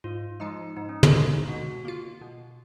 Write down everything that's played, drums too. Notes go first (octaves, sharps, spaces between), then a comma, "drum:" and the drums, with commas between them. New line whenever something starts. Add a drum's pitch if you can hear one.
G#2 F4
F3 G#3 D#4
G#2 D#4
C#4
D#4, drum: tom
F3 G#3
B2 F#4
A#3 F4
B2